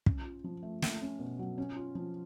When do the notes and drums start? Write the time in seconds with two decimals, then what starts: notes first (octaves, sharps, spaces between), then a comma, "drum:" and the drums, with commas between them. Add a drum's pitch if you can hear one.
0.06 C#4, drum: kick
0.25 F4
0.44 F3
0.63 A3
0.82 A3, drum: snare
1.01 C#4
1.19 B2
1.39 F#3
1.58 C#4
1.76 F4
1.95 F3